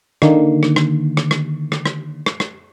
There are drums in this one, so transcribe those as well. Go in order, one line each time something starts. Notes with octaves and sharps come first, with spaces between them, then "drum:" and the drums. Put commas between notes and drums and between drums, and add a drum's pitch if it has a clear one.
D3 D#3 A#3, drum: rim click
drum: rim click
drum: rim click
drum: rim click
drum: rim click
drum: rim click
drum: rim click
drum: rim click
drum: rim click